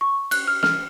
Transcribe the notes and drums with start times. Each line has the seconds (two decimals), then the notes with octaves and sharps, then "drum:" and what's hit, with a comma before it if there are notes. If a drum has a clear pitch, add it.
0.01 C#6
0.31 F#6, drum: cymbal
0.47 F6
0.63 F6, drum: snare